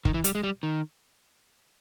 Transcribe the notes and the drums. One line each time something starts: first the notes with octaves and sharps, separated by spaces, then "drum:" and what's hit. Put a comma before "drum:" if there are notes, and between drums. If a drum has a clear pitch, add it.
D#3, drum: kick
E3
G3, drum: hi-hat
G#3
G3
D#3